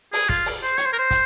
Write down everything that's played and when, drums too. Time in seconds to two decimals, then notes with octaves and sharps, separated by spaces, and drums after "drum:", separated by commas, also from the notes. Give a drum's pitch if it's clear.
0.13 G#4, drum: open hi-hat
0.29 F4, drum: kick
0.46 drum: open hi-hat
0.62 C5
0.77 C#5, drum: hi-hat
0.85 C5
0.93 A#4
0.99 C5
1.11 drum: kick, hi-hat